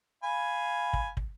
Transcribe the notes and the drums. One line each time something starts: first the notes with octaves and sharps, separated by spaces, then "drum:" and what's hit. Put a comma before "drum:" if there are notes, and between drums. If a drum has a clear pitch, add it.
F5 G#5 B5
drum: kick
drum: kick